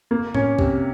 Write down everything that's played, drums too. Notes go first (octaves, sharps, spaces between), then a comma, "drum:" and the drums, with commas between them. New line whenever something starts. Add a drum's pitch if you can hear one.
A#3
C#4, drum: tom A2
C3, drum: kick